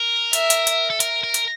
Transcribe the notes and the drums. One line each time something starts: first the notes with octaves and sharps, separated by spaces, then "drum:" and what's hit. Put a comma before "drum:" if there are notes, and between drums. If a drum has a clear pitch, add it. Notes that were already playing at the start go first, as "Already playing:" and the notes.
Already playing: A#4
E5, drum: hi-hat
drum: hi-hat
drum: hi-hat
A4
A#4, drum: hi-hat
A#4
drum: hi-hat